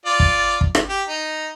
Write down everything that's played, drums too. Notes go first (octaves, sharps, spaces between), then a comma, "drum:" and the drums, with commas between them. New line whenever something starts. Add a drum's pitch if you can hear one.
F4 D5
drum: kick
drum: kick
drum: rim click
G4
D#4